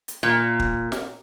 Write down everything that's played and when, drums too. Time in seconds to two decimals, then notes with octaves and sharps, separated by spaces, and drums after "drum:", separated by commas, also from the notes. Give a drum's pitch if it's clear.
0.08 drum: hi-hat
0.23 A#2
0.60 drum: kick
0.92 drum: snare